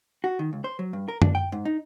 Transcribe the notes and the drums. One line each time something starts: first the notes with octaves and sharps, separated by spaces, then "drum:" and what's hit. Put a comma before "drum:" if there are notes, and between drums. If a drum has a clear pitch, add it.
F#4
D#3
C#2
C5
F#3
G2
A#4
D4, drum: tom F#2
G5
G#2
D#4